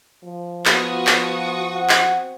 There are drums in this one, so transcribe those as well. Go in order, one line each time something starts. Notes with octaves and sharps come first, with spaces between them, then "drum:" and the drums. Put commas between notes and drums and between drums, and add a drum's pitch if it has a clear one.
F3
B3 F4 F#4 C#6 D#6, drum: clap
drum: clap
C4 F#5
drum: clap